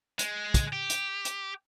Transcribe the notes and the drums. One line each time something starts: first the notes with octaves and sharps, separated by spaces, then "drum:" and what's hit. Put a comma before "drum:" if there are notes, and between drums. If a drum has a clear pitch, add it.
G#3, drum: hi-hat
drum: kick, hi-hat
G4
drum: hi-hat
drum: hi-hat